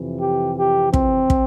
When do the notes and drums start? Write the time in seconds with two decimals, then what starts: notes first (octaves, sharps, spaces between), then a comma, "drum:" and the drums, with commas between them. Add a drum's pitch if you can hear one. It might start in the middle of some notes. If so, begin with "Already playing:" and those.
Already playing: F2 C3 E3
0.20 G4
0.57 G4
0.94 C4, drum: kick
1.30 drum: kick